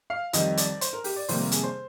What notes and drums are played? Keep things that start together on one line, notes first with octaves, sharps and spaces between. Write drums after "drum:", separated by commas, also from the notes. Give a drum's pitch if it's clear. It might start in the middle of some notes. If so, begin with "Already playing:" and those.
F5
F2 D#3 G3 D#5, drum: hi-hat
D5, drum: hi-hat
C5, drum: hi-hat
A#4
G4, drum: open hi-hat
D5
F2 C3 D#3 G3 A#3 C5, drum: open hi-hat
A#4
G#4, drum: hi-hat
C5